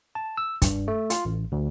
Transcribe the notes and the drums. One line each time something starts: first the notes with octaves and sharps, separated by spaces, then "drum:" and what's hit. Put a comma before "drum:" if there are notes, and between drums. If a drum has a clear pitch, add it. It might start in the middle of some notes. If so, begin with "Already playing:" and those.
A5
E6
G2, drum: kick, hi-hat
A3
F4, drum: hi-hat
A1
D2